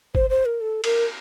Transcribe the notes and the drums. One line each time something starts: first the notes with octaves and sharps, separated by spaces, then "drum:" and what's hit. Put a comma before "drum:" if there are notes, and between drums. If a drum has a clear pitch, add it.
C5, drum: kick
C5
A#4
A4
A#4, drum: cymbal